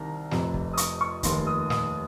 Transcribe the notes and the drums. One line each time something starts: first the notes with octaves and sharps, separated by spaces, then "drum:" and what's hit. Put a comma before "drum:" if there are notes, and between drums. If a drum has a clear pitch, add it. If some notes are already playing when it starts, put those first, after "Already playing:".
Already playing: C2 C3 D#3 A#5
F1 F2 C3, drum: snare
drum: kick
D#6
C#6, drum: hi-hat
C#6
F1 D#2 D#3 C6, drum: kick, hi-hat
D#6
D#6, drum: snare